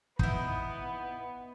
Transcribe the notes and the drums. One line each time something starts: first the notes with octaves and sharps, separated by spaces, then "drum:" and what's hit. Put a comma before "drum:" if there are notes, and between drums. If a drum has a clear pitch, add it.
B3 D#4 E4, drum: kick